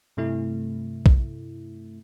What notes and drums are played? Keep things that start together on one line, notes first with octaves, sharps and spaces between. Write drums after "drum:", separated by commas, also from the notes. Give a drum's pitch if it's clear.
G2 C3 A3 E4
drum: kick